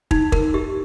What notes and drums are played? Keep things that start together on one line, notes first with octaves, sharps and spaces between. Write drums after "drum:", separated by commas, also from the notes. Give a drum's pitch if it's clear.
D#4, drum: kick
A#4, drum: kick
G4